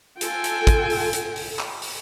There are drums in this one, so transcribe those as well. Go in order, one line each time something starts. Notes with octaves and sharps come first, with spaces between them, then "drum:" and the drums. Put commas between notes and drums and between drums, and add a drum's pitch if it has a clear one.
F4 A4 G5 G#5, drum: hi-hat
drum: hi-hat
drum: kick, hi-hat
drum: open hi-hat
drum: hi-hat
drum: open hi-hat
drum: clap
drum: open hi-hat